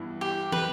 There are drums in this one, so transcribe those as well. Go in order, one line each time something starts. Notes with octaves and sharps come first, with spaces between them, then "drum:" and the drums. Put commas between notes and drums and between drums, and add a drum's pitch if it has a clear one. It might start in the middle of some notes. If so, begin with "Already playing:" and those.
Already playing: G2 E3 B3 E4
G4
B4, drum: tom